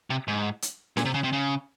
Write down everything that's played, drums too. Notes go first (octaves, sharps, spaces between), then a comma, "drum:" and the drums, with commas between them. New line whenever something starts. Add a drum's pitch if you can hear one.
C3
G#2
drum: hi-hat
A#2, drum: snare C#4
C3
C#3
C3
C#3